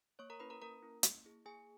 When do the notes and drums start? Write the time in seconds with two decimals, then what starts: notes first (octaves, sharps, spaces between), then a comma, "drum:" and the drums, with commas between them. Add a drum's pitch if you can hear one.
0.19 A#3 C#5 C#6
0.30 A#4 A#5
0.40 C#4 E4 B4 B5
0.50 A#4 A#5
0.62 A#3 A#4 A#5
0.82 C#4 E4
1.03 A#3, drum: hi-hat
1.25 E4 G#4
1.45 A#3 G#4 G#5